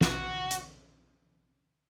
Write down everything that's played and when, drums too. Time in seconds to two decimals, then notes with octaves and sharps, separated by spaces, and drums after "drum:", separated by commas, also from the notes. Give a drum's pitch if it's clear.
0.01 F#4, drum: snare
0.51 drum: hi-hat